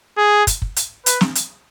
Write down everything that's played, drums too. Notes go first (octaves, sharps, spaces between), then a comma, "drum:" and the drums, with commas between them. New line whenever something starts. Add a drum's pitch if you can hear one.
G#4
drum: kick, hi-hat
drum: kick
drum: hi-hat
B4, drum: hi-hat
drum: snare
drum: hi-hat